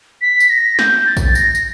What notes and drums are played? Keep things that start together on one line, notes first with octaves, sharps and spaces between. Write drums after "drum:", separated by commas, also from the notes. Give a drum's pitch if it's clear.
B6
drum: tambourine
A#6
G6, drum: snare
A6
drum: kick A#1, tambourine
A#6, drum: tambourine
drum: tambourine